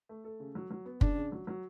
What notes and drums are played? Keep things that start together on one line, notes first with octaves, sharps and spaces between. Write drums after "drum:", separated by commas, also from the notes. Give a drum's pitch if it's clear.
A3
A4
C#3
F#3
F#3
B3
C#3 D4, drum: kick
C#3
F#3
F#3